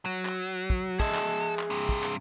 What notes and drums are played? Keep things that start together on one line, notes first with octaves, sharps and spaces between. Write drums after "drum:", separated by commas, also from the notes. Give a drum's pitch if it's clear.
F#3
drum: clap
drum: kick
G#4 A4 D#5 E5, drum: kick
drum: clap
drum: clap
G2 C3
drum: kick
drum: clap